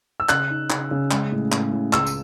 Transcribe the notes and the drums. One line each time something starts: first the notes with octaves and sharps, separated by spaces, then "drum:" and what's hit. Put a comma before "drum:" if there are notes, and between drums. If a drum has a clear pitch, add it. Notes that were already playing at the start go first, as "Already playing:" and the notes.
E6
C#3 F#6, drum: clap
D#4
C#3, drum: clap
C#3
G#3, drum: clap
A2
A2, drum: clap
A2
C#2 E6, drum: clap
drum: tambourine